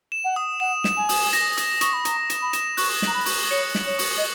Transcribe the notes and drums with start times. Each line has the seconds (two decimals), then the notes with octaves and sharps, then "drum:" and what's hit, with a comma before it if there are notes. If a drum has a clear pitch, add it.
0.12 E7
0.24 F#5
0.36 D#6
0.60 F#5 E7
0.84 E7, drum: snare
0.97 G#5
1.09 D#6, drum: open hi-hat
1.33 A#6, drum: hi-hat
1.58 D#6, drum: hi-hat
1.81 C#6 D#6, drum: hi-hat
1.93 B5
2.05 A#5 D#6, drum: hi-hat
2.30 E7, drum: hi-hat
2.42 B5
2.53 E7, drum: hi-hat
2.77 C#6 F#6, drum: open hi-hat
3.02 A#5 F#7, drum: snare
3.14 B5
3.26 C#6, drum: open hi-hat
3.51 C#5 C#7
3.75 F#7, drum: snare
3.86 C#5
3.99 C#6, drum: open hi-hat
4.17 D#5